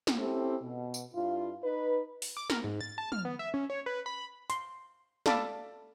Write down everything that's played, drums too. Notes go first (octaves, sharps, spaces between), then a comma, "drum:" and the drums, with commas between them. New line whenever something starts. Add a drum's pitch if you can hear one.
drum: snare
C4 C#4 E4 G4 A4
B2
drum: tambourine
G2 E4 F4
D#4 B4
drum: open hi-hat
D6
A#4, drum: snare
G#2
A6
A5
F6, drum: tom
B3
E5
C#4
C#5
B4
B5
C6, drum: hi-hat
A4 D5 F5 A5 B5 D6, drum: snare